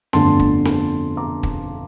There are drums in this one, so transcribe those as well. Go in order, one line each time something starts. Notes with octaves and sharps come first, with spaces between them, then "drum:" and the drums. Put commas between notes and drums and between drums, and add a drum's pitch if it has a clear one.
G1 F2 D3 A3 A5 C6, drum: snare C4
drum: kick
drum: snare C4
A#5 D6
drum: kick